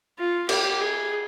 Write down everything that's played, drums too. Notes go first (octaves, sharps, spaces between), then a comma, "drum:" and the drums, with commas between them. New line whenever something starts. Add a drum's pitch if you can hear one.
F4
G4, drum: cymbal
G#4